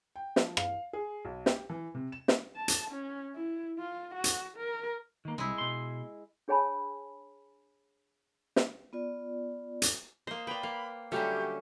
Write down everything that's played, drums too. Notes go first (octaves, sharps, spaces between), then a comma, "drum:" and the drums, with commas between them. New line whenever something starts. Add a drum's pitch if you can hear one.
G5
F3, drum: snare
F5, drum: rim click
G#4
B1
G4, drum: snare
E3
C3
E7
drum: snare
A5
drum: hi-hat
C#4
E4
F4
F#4
drum: hi-hat
A#4
D#3 A#3
C2 G#3 E4
B2 C6
D4 G#4 C#5 G#5 A5 B5
drum: snare
B3 F4 D5
drum: hi-hat
A#3 C5 D#5
B4 D5 G5 B5
A#3 F5
D3 F#3 G3 A3 C#4 G4